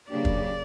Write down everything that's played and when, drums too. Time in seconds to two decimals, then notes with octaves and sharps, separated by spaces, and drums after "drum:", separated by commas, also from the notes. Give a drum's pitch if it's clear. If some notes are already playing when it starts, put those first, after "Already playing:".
0.10 C#3 F#3 A#3 D4 G4 D5
0.25 drum: kick